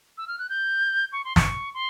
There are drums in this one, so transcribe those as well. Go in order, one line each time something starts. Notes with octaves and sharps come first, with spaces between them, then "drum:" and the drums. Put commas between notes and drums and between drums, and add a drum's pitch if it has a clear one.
E6
F6
F#6
G6
C#6
C6
C#6, drum: snare
C6